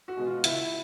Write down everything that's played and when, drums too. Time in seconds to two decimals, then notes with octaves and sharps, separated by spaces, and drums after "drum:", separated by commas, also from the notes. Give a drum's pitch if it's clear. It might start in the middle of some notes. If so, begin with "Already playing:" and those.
0.08 F#4
0.17 B2 G#3
0.26 F4
0.44 C#2 E4, drum: hi-hat